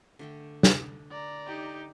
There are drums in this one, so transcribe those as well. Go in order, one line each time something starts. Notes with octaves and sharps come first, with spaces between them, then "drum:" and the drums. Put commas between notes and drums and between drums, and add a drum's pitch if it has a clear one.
D3 A3 G5
drum: snare
D5 A#5
D#4 G4